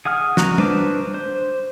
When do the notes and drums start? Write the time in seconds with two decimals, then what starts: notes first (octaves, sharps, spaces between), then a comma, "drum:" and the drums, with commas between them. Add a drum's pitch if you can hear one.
0.05 G#4 F#5 D#6 F6
0.37 F#4 A#5, drum: snare
0.58 D4 B4 C5 D6, drum: tom
1.14 C5